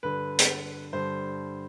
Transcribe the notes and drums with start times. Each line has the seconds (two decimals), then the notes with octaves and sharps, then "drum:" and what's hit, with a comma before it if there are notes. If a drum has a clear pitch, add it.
0.03 G2 D3 B4
0.39 drum: hi-hat
0.93 G2 D3 C5